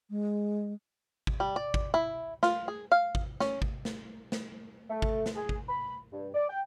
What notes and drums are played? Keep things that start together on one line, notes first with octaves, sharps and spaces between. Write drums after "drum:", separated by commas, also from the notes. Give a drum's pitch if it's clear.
G#3
drum: kick G#1
G3
D5
drum: kick G#1
E4
F4, drum: snare
G#4
F5
drum: kick G#1
C#4, drum: snare
drum: kick G#1
drum: snare
drum: snare
A3
drum: kick G#1
drum: snare
G#4
drum: kick G#1
B5
G2
D5
G5